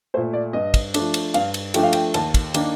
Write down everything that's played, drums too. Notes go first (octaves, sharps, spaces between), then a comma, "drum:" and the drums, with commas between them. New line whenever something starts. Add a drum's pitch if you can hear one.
A#2 A3 C5
D5
G2 D#5
drum: kick, cymbal
F3 A3 D4, drum: cymbal
drum: cymbal
G2 F5, drum: cymbal
drum: cymbal
F3 A3 D4 G5, drum: cymbal
F5
G5, drum: cymbal
D#2 A5, drum: cymbal
drum: kick, cymbal
D#3 A#3 D4, drum: cymbal